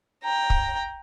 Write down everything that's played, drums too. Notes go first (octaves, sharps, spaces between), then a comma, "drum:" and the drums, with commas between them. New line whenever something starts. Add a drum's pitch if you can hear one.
G5 A#5
drum: kick